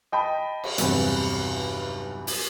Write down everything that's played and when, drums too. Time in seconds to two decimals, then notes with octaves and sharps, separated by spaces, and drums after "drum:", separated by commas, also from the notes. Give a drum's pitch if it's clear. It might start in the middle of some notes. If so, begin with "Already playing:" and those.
0.12 D#5 G5 A5 B5
0.64 drum: cymbal
0.78 B1 E2 G2 C3, drum: hi-hat
2.27 drum: open hi-hat